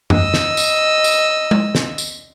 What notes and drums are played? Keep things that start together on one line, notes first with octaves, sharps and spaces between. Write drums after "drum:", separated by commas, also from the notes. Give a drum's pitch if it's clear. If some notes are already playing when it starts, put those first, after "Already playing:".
D#5 E6, drum: tom F#2
drum: snare
drum: tambourine
drum: tambourine
drum: tom G#3
drum: snare
drum: tambourine